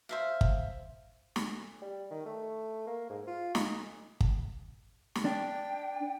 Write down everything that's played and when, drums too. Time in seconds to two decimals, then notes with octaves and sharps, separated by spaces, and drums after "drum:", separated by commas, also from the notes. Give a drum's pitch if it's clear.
0.09 C5 E5 F5
0.41 drum: kick
1.36 drum: snare
1.82 G3
2.11 D#3
2.26 A3
2.87 A#3
3.10 G#2
3.27 F4
3.55 D#4, drum: snare
4.21 drum: kick
5.15 drum: snare
5.25 D4 G5